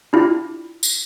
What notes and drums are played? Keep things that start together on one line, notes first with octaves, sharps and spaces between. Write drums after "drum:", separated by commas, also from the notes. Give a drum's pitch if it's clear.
D4 E4 F4 G4
drum: tambourine